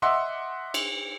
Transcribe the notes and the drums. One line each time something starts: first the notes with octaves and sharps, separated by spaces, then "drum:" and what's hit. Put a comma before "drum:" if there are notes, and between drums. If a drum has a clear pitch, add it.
D#5 E5 F#5 C6 D6 E6
drum: cymbal